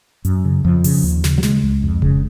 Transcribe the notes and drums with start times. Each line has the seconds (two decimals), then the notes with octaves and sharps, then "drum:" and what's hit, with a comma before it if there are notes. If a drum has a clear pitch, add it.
0.25 F#2, drum: hi-hat
0.45 C#3
0.65 F2 F3
0.84 C#3, drum: open hi-hat
1.04 D#2
1.24 C#3, drum: snare
1.38 F#3
1.43 C#3 G#3, drum: snare
1.63 C#2
1.83 F2
2.02 C#3, drum: kick F1